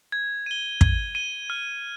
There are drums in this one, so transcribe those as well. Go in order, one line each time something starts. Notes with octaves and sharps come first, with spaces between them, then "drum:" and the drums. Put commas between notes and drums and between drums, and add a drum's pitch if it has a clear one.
G#6
D#7 G7
G#6, drum: kick
D#7 G7
F6